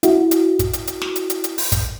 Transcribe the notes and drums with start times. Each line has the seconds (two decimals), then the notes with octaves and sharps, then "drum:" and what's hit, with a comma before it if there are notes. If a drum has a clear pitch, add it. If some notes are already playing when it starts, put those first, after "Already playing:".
0.03 E4 F#4, drum: hi-hat
0.31 drum: hi-hat
0.59 drum: kick, hi-hat
0.73 drum: hi-hat
0.87 drum: hi-hat
1.02 drum: snare
1.16 drum: hi-hat
1.30 drum: hi-hat
1.44 drum: hi-hat
1.58 drum: open hi-hat
1.72 drum: kick, hi-hat